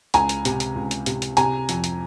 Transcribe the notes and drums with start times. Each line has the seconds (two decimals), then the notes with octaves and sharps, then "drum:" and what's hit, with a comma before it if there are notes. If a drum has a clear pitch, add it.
0.14 C#2 G#5 A#5, drum: hi-hat
0.29 drum: hi-hat
0.45 C3, drum: hi-hat
0.60 drum: hi-hat
0.75 C#2
0.91 drum: hi-hat
1.06 C3, drum: hi-hat
1.22 drum: hi-hat
1.37 C3 G#5 A#5, drum: hi-hat
1.69 F2, drum: hi-hat
1.84 drum: hi-hat